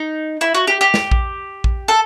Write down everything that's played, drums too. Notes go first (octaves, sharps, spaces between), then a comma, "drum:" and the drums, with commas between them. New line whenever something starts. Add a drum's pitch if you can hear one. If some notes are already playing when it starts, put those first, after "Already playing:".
Already playing: D#4
E4
F#4
G4
G4
drum: snare
drum: kick A#1
drum: kick A#1
A4